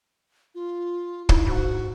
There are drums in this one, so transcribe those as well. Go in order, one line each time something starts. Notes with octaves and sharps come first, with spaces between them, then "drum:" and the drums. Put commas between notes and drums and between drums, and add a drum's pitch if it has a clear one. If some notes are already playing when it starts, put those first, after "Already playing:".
F4
D#4 E4, drum: kick
G#2 F#4